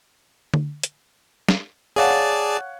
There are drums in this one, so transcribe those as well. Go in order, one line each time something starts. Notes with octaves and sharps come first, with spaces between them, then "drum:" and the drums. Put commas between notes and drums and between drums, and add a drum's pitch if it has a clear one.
drum: tom D3
drum: hi-hat
drum: snare
G#4 C#5 D5 F5 F#5 A5